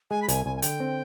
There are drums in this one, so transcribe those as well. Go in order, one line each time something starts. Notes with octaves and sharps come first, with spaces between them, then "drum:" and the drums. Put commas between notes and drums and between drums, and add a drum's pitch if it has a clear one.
G#3 G#5
B5
C2 G#5, drum: hi-hat
C2 G#5
G#5
D3 G5, drum: hi-hat
C4